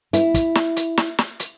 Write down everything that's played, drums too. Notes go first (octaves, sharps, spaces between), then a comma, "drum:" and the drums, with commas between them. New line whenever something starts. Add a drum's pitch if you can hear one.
E4, drum: hi-hat
drum: kick, hi-hat
drum: snare
drum: hi-hat
drum: snare
drum: snare
drum: hi-hat